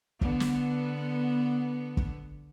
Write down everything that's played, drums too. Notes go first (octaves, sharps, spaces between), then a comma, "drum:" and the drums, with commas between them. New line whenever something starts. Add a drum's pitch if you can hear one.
D3 B3, drum: kick
drum: snare
drum: kick